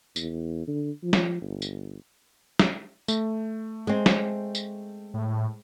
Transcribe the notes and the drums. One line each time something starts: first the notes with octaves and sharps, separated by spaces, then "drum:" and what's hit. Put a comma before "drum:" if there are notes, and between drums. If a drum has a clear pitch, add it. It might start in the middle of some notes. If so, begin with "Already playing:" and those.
E2, drum: tambourine
D3
F3
drum: snare
G1
drum: tambourine
drum: snare
A3, drum: tambourine
G#3 C4
drum: snare
drum: tambourine
A2